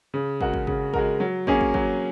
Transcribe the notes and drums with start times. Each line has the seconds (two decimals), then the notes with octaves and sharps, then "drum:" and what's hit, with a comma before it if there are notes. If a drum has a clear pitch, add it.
0.14 C#3
0.41 G#3 F#4 A#4, drum: kick
0.54 drum: kick
0.67 C#3, drum: kick
0.94 G#3 F#4 A#4, drum: kick
1.20 F#3
1.47 A#3 C#4 G#4, drum: kick
1.61 drum: kick
1.74 F#3, drum: kick